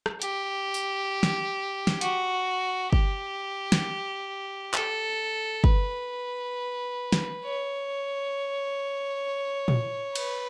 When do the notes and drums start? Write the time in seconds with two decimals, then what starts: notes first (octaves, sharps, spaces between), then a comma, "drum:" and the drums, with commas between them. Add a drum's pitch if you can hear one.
0.06 drum: rim click
0.22 G4, drum: hi-hat
0.74 drum: tambourine
1.23 drum: snare
1.87 drum: snare
2.01 F#4, drum: hi-hat
2.93 G4, drum: kick
3.72 drum: snare
4.74 A4, drum: clap
5.64 B4, drum: kick
7.12 drum: snare
7.45 C#5
9.68 drum: tom
10.15 B4, drum: cymbal